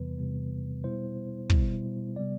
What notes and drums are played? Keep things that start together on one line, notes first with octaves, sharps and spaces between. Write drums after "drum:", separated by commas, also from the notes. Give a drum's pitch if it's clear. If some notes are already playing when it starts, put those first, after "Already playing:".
Already playing: E2 C3 E3 G3 B3 B4
E2 C3 E3 G3 B3
B2 G3 B3 E4 C5
B2 G3 B3 E4, drum: kick
C3 G3 B3 D5